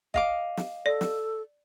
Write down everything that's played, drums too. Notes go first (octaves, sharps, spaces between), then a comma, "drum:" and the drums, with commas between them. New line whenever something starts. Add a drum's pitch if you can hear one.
D#5 F5 D6, drum: kick
drum: snare
A4 D5
drum: snare